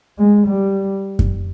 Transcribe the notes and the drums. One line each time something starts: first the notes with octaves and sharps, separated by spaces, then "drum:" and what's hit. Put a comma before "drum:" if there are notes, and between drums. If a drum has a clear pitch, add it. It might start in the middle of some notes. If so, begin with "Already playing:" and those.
G#3
G3
drum: kick F#2